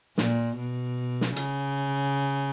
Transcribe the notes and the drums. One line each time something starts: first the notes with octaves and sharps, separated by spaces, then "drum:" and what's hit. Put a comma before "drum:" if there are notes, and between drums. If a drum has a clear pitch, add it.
A#2, drum: snare
B2
drum: snare
C#3, drum: hi-hat